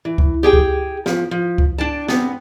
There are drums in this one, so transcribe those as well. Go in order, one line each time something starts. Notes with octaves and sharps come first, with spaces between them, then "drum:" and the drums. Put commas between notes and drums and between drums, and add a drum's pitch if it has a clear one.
E3
drum: kick C#2
G4 G#4 G5
drum: kick C#2
F3, drum: snare
F3
drum: kick C#2
D4 G5 A5
B3 C4, drum: snare